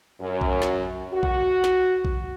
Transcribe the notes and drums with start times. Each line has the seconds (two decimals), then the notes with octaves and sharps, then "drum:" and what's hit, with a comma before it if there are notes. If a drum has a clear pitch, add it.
0.21 F#2
0.41 drum: kick A#1
0.62 drum: snare
1.12 F#4
1.23 drum: kick A#1
1.64 drum: snare
2.05 drum: kick A#1